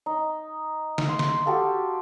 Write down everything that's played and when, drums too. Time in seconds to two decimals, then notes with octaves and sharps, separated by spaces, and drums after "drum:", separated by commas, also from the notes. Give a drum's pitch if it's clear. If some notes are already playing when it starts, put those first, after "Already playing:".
0.06 D#4
0.98 drum: snare
1.09 C6
1.19 drum: snare
1.46 F#4 G4 A4 F5